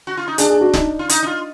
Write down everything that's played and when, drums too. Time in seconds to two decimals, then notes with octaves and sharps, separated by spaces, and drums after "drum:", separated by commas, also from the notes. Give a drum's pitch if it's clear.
0.07 F#4
0.17 F4
0.28 D#4
0.38 D4 G#4, drum: hi-hat
0.50 G#4
0.61 F#4
0.74 D#4, drum: snare D1
0.99 F4
1.09 D#4, drum: hi-hat
1.23 D#4
1.26 F4